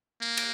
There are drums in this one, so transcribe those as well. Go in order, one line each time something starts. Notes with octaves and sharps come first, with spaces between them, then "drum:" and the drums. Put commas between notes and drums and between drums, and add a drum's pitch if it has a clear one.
A#3
drum: cymbal